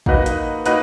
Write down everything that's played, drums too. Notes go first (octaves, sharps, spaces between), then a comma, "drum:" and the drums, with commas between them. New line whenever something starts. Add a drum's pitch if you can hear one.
A#3 D#4 F#4 B4 D#5, drum: kick
drum: hi-hat
A#3 D#4 F#4 B4 D#5, drum: hi-hat